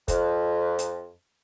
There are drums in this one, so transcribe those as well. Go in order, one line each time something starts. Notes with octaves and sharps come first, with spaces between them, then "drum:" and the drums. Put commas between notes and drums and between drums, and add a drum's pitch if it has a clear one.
F2, drum: kick, hi-hat
drum: hi-hat